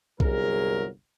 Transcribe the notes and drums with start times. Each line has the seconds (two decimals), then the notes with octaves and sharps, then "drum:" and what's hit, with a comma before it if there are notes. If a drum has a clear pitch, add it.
0.20 G1 C2 F#3 G#4 A#4, drum: kick B1